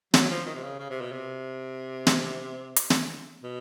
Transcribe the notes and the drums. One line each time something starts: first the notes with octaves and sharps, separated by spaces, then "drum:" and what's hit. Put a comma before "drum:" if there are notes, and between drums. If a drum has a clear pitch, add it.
F#3, drum: snare
F3
D#3
C3
C#3
C#3
C3
B2
C3
drum: snare
drum: hi-hat
drum: snare
B2